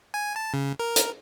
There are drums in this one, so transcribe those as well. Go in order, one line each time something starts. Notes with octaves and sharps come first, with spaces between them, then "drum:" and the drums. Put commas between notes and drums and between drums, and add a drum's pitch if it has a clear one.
G#5
A5
C#3
A#4
drum: hi-hat